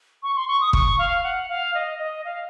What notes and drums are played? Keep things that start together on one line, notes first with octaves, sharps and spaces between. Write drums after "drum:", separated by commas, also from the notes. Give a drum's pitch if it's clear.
C#6
C6
C#6
D#6
C#6, drum: kick
F5
F#5
F5
D#5
D#5
F5